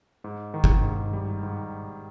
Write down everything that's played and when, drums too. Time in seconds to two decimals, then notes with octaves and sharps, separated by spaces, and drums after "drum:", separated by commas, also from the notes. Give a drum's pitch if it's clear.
0.24 G#2
0.54 D#3
0.64 drum: kick G1
0.83 G#2
1.13 G3
1.43 G#2